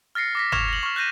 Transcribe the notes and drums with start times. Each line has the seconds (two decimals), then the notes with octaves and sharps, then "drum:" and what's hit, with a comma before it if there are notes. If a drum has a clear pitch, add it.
0.15 F6 A6 A#6 C7 C#7
0.35 D6 A#6 B6
0.52 C#6 F6 G#6 E7 F7, drum: tom
0.69 A#6 F#7
0.83 C#6 F6
0.96 F#6 G6 A#6 D#7